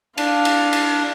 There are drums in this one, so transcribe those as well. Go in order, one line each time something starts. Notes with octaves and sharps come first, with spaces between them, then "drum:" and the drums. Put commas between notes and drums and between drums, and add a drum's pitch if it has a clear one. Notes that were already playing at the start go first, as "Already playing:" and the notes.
D4 F5, drum: cymbal
drum: cymbal
drum: cymbal